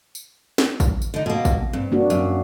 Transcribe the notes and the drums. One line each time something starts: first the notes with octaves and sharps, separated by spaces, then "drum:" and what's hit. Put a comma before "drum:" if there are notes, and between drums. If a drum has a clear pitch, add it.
drum: tambourine
drum: snare
drum: kick, tambourine
drum: tambourine
D3 D#4
B2 A#3
drum: kick, tambourine
G2 C4
A#3 D4 F#4
F#2, drum: tambourine